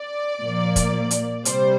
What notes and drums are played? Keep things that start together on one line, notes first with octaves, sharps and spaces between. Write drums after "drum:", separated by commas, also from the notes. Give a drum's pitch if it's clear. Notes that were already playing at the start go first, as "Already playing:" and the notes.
Already playing: D5
A#2 F3 A#3
drum: kick, hi-hat
drum: hi-hat
C3 G3 C5, drum: hi-hat